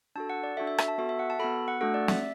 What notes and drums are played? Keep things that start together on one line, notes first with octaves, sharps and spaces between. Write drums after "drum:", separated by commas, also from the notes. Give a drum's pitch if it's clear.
D4 F#4 A4 A5
F#5
D5
D4 F#4 A4 E5
E5
E5, drum: rim click
A5
B3 F#4 A4 E5
E5
F#5
A5
B3 F#4 A4 B5
F#5
A3 D4 F#4 A4 F#5
D5
E5, drum: snare